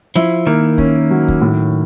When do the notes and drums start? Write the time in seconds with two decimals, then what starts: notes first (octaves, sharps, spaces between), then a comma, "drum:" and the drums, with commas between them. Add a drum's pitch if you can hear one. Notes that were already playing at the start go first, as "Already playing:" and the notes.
0.16 F3 E4, drum: snare
0.47 D#3 A#3
0.78 C#4, drum: kick
1.11 F#3
1.28 drum: kick
1.42 A2